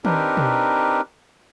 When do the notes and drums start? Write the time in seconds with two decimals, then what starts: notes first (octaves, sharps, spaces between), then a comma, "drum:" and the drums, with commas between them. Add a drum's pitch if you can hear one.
0.05 C4 D4 D#4 G4 A#4 B4, drum: tom D#3
0.37 drum: tom B2